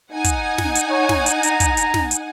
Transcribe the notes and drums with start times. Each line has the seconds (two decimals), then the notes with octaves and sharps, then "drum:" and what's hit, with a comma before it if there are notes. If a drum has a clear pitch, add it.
0.14 D#4 F#5 G#5
0.24 drum: kick, hi-hat
0.58 drum: snare
0.75 drum: hi-hat
0.91 C#5
1.09 drum: snare
1.26 drum: hi-hat
1.43 A#5, drum: hi-hat
1.60 drum: kick, hi-hat
1.77 drum: hi-hat
1.94 drum: snare
2.11 drum: hi-hat